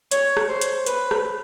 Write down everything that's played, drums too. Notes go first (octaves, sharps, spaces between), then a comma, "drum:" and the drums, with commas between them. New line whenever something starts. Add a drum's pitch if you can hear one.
C#5, drum: hi-hat
drum: rim click
C5
drum: hi-hat
B4, drum: hi-hat
drum: rim click